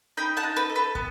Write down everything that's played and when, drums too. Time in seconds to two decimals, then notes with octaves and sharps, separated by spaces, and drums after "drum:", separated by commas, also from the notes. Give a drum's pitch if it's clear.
0.17 D#4 G5 B5
0.37 F#5 A5
0.43 D#4
0.57 B4
0.69 A4
0.76 B4
0.95 B3, drum: kick